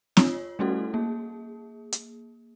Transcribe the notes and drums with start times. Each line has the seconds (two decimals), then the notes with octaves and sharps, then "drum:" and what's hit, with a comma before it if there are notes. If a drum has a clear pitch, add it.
0.17 F4 C#5, drum: snare C4
0.59 G3 A3 C#4 E4 F#4 A4
0.94 A#3 G#4
1.92 drum: hi-hat